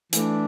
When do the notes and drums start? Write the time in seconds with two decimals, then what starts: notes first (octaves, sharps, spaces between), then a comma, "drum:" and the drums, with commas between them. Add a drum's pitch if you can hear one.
0.13 E3 A3 D4, drum: hi-hat